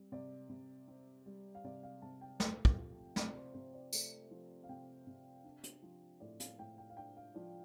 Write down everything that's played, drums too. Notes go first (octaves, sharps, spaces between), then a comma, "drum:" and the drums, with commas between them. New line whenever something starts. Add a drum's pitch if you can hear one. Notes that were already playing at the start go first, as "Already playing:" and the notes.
Already playing: G3 C4
C3 D5
C3
C4
G3
F5
C3 D5
F5
C3 A5
G5
A3 G5, drum: snare
drum: kick
F3
C3 D5, drum: snare
D5
C5
C3 C5
D5
A3 D5, drum: tambourine
F3
F5
C3 G5
C3
D4
drum: hi-hat
F3
A2 D5
F5, drum: hi-hat
A2 G5
G5
F5
D4 G5
F5
F3 D5